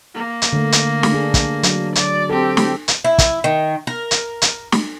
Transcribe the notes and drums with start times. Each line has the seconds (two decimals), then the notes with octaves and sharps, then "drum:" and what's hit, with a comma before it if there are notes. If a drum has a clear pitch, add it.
0.14 A#3
0.42 drum: hi-hat
0.53 D3 A3
0.72 drum: hi-hat
1.03 drum: snare
1.12 D4 G#4
1.34 drum: kick, hi-hat
1.63 F#3 D4, drum: hi-hat
1.95 D5, drum: hi-hat
2.30 C4 G4 A4
2.57 drum: snare
2.88 drum: hi-hat
3.04 E4
3.18 drum: kick, hi-hat
3.44 D#3
3.87 A#4
4.11 drum: hi-hat
4.42 drum: hi-hat
4.72 drum: snare